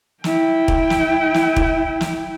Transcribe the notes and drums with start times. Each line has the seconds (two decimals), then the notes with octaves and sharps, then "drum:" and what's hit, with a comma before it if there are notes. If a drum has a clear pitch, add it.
0.24 E4 G5, drum: snare
0.68 drum: kick
0.90 drum: snare
1.34 drum: snare
1.56 drum: kick
2.01 drum: snare